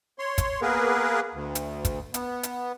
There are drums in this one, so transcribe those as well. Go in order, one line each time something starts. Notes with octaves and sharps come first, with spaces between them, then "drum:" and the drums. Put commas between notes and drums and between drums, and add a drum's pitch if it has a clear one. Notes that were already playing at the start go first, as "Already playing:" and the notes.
C#5 C6
drum: kick, hi-hat
A#3 B3 G#4 A#4 B4
D2
drum: hi-hat
drum: kick, hi-hat
B3, drum: hi-hat
drum: hi-hat